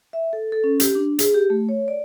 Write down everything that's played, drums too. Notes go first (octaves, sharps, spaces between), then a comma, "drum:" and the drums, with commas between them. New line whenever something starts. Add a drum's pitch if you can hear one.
E5
A4
A4
C#4
G4, drum: hi-hat
D4
G#4, drum: hi-hat
G4
A3
C#5
D5